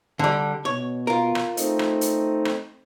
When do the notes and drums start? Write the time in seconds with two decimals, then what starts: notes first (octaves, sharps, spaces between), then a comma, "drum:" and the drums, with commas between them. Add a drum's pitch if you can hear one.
0.19 D3 G3
0.65 B2 C#5
1.07 F4 A#4
1.35 drum: rim click
1.57 A3 C4 D#4, drum: hi-hat
1.79 drum: rim click
2.01 drum: hi-hat
2.45 drum: rim click